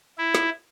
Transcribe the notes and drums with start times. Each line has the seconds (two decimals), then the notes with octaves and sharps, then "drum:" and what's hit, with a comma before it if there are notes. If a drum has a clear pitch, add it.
0.18 E4
0.35 drum: snare